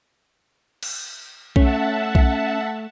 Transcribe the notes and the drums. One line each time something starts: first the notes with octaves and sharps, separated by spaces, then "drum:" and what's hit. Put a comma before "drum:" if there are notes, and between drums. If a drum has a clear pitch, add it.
drum: cymbal
A3 C#4 E5 F#5 A5, drum: kick B1
drum: kick B1